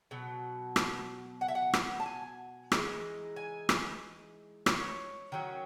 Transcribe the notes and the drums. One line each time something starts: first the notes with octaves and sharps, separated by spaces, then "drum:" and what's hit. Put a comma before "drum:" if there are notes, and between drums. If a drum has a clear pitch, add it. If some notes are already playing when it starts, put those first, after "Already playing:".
B2 F#3
drum: rim click
F#5
E5
F#5
drum: rim click
A5
G#5
E3 G#3 D#4, drum: rim click
G#5
drum: rim click
C#5, drum: rim click
D#3 F#3 C#4